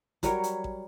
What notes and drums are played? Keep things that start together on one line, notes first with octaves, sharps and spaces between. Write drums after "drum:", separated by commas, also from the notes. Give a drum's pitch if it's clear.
F#3 G3 A#4 C#5, drum: kick A1, hi-hat
drum: hi-hat
drum: kick A1